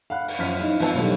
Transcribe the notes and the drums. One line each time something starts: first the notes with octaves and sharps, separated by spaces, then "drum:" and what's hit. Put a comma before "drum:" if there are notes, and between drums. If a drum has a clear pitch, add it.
F5 F#5 B5 F#6
drum: open hi-hat
F#2 F3 F6 B6 D#7
D#4 E4 F5
G#1 F3 B4 F5 A5 E6, drum: open hi-hat
B2 D3 D#3 F#3 G3 A3